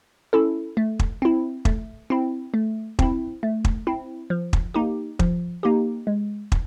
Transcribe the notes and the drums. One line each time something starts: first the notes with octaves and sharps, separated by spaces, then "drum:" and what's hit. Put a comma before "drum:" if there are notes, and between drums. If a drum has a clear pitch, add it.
C#4 E4 A4
A3
drum: kick
C4 E4
A3, drum: kick
C4 E4
A3
C4 E4, drum: kick
A3
drum: kick
C4 E4
F3
drum: kick
A#3 D#4 G4
F3, drum: kick
A#3 D#4 G4
G#3
drum: kick